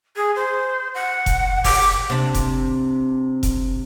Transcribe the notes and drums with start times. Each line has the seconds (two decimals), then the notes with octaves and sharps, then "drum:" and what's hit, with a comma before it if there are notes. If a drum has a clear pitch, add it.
0.16 G#4
0.36 C5
0.95 F#5
1.26 drum: kick F1, hi-hat
1.64 D6, drum: kick F1, open hi-hat
2.10 C3 D4
2.34 drum: kick F1, hi-hat
3.43 drum: kick F1, hi-hat